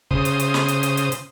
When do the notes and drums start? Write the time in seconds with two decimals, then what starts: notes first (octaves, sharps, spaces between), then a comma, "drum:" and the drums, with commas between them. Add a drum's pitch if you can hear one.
0.11 C#3 C5 D#6, drum: kick
0.25 drum: hi-hat
0.40 drum: hi-hat
0.54 drum: snare
0.68 drum: hi-hat
0.83 drum: hi-hat
0.97 drum: hi-hat
1.12 drum: hi-hat